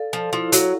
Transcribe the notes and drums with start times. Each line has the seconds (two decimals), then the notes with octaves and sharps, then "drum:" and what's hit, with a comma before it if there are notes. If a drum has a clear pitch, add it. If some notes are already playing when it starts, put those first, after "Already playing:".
Already playing: A4 D5 F5
0.13 F3
0.33 F3 E4
0.52 F#3, drum: hi-hat